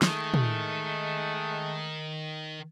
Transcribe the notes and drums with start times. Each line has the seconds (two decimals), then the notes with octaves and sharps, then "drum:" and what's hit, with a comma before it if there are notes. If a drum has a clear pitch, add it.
0.02 D#3 G#3 A3 D#6, drum: snare
0.34 drum: tom